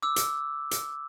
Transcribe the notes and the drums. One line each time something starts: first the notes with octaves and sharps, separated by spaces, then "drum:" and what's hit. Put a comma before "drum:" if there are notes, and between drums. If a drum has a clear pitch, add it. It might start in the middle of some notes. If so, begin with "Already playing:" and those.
D6 E6
drum: hi-hat
drum: hi-hat